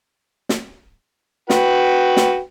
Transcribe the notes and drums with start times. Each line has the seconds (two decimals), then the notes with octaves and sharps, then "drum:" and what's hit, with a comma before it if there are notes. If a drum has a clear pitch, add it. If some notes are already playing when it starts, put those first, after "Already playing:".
0.49 drum: snare
1.50 F#4 B4 G5, drum: snare
2.17 drum: snare